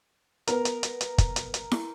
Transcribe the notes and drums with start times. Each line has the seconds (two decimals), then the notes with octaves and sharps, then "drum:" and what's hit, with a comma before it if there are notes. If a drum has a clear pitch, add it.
0.47 B3 A#4, drum: hi-hat
0.65 drum: hi-hat
0.83 drum: hi-hat
1.01 drum: hi-hat
1.18 drum: kick, hi-hat
1.36 drum: hi-hat
1.54 drum: hi-hat
1.71 drum: snare E4